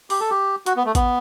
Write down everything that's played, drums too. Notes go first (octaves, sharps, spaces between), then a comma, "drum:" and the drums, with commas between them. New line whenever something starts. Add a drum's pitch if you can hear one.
G4, drum: open hi-hat
A4
G4
F#4, drum: hi-hat
B3
A3
B3, drum: kick A1, hi-hat